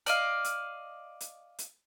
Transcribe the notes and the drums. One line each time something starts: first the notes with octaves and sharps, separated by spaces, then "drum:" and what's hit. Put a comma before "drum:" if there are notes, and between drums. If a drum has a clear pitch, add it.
D5 D#5 F5, drum: hi-hat
drum: hi-hat
drum: hi-hat
drum: hi-hat